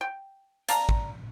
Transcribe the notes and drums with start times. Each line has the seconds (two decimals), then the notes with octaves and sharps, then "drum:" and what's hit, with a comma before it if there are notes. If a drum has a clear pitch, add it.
0.01 G5
0.69 D5 F5 A5 A#5, drum: hi-hat
0.89 drum: kick